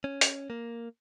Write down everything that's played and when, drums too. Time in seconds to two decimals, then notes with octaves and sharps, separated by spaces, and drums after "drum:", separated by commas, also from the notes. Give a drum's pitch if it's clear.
0.04 C#4
0.21 drum: hi-hat
0.50 A#3